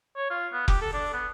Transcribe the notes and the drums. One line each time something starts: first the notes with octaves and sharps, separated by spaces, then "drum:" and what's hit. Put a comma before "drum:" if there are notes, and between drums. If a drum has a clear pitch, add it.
C#5
F4
B3
G4, drum: kick F1
A4
D4
B3